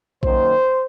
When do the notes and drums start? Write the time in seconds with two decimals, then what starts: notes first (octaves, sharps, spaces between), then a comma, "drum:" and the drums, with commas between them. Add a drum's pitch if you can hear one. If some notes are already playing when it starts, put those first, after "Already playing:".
0.23 F#2 D#3 A#3 C5, drum: kick A#1